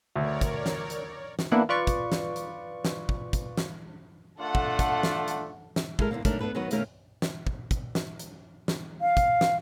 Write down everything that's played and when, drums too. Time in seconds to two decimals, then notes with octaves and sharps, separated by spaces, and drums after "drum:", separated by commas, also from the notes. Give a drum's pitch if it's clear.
0.16 D2 A#4 C#5 D5
0.41 drum: kick, hi-hat
0.66 drum: snare
0.90 drum: hi-hat
1.39 drum: snare
1.52 A#3 B3 D4 E4 F#5
1.69 F4 B4 D5 C#6
1.87 drum: kick, hi-hat
2.12 drum: snare
2.36 drum: hi-hat
2.85 drum: snare
3.09 drum: kick
3.33 drum: kick, hi-hat
3.57 drum: snare
4.39 A3 D4 F4 A4 F#5
4.55 drum: kick
4.79 drum: kick, hi-hat
5.03 drum: snare
5.28 drum: hi-hat
5.76 drum: snare
5.99 G#3 E4 A4 A#4, drum: kick
6.11 E2 G#2 D3 A#3
6.25 G#2 F#3 A3 D4 A#4, drum: kick, hi-hat
6.40 B3 D4 A4 B4
6.55 D#3 F#3 B3 F#4 B4
6.71 B2 D#3 A3 A#3 C#4 A#4, drum: hi-hat
7.22 drum: snare
7.47 drum: kick
7.71 drum: kick, hi-hat
7.95 drum: snare
8.19 drum: hi-hat
8.68 drum: snare
9.01 F5
9.17 drum: kick, hi-hat
9.41 drum: snare